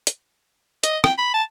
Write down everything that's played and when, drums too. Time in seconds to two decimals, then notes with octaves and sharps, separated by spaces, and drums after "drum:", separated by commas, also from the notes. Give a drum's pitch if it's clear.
0.07 drum: hi-hat
0.83 D#5, drum: hi-hat
1.04 G5, drum: rim click
1.18 B5
1.34 A5